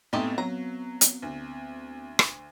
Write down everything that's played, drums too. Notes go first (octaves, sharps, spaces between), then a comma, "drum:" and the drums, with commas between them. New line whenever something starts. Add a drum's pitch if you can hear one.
A2 G#3 A3 B3 C4 D#4 G4
F#3 A#5
drum: hi-hat
D2
drum: rim click